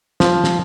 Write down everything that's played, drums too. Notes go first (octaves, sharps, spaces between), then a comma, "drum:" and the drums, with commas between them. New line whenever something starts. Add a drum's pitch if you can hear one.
F3, drum: snare
drum: snare